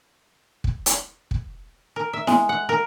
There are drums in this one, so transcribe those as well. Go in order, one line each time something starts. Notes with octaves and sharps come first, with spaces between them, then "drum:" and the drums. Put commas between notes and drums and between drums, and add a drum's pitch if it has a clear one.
drum: kick
drum: hi-hat
drum: kick
A#4
E5
G#3, drum: snare E4
F#5
A#4